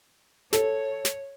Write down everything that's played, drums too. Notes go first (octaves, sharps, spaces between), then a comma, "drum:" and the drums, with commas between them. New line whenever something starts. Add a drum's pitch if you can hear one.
A4 C#5, drum: snare
drum: snare